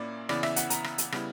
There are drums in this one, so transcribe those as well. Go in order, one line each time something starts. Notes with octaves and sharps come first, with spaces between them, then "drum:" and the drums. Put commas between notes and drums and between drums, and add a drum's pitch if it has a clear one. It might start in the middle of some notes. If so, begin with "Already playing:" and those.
Already playing: A#2 A#3 C#4 E4 D5
C#3 E3 B3 E4 D5, drum: rim click
E5, drum: rim click
F#5, drum: hi-hat
A#5, drum: hi-hat
drum: rim click
drum: hi-hat
C#3 G3 B3 E4, drum: rim click